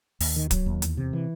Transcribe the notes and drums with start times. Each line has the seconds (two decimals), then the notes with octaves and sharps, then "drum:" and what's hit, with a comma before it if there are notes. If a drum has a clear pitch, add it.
0.20 D#2, drum: open hi-hat
0.36 D#3
0.51 F#3, drum: kick D1, hi-hat
0.66 D#2
0.82 E2, drum: hi-hat
0.97 C3
1.13 E3